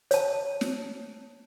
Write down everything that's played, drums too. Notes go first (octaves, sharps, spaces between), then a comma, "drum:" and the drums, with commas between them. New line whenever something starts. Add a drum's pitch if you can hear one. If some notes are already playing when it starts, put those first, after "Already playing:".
C#5 A5, drum: hi-hat
drum: snare